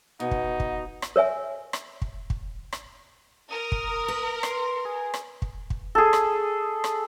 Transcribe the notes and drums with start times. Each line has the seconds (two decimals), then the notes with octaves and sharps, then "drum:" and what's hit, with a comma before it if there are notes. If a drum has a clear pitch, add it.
0.20 B2 D#4 F#5
0.31 drum: kick
0.60 drum: kick
1.02 drum: rim click
1.16 A#4 C#5 E5 G#5
1.73 drum: rim click
2.02 drum: kick
2.30 drum: kick
2.72 drum: rim click
3.51 A#4 D#6
3.72 drum: kick
4.08 B4
4.43 C6, drum: rim click
4.85 G#4
5.14 drum: rim click
5.42 drum: kick
5.70 drum: kick
5.95 G#4 A4
6.13 drum: rim click
6.84 drum: rim click